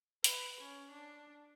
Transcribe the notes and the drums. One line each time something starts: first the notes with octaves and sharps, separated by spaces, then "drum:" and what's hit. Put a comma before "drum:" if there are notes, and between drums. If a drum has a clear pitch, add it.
B4, drum: hi-hat
C#4
D4